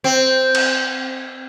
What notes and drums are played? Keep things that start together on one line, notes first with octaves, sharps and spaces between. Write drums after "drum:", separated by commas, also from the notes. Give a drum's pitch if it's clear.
C4
drum: cymbal